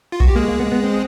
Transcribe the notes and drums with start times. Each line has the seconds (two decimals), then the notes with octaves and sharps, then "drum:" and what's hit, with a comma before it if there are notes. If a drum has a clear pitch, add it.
0.12 F4
0.20 F#4, drum: kick B1
0.28 G4
0.36 G#3 A#3 G#4
0.48 A#3
0.60 B3
0.67 A#3
0.72 B3
0.84 C4